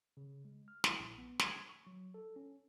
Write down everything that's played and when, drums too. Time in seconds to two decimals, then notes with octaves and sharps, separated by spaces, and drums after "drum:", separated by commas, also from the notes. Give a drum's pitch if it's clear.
0.17 C#3
0.45 G#3
0.68 F6
0.84 E4, drum: snare
1.00 A#1
1.18 B3
1.39 G#6, drum: snare
1.69 C#6
1.87 F#3
2.14 A4
2.36 C#4